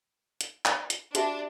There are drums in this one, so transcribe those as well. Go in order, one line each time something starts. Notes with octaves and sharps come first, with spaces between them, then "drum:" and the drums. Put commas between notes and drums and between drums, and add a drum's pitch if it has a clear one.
drum: hi-hat
drum: clap
drum: hi-hat
D4 F#4 G4 E5, drum: hi-hat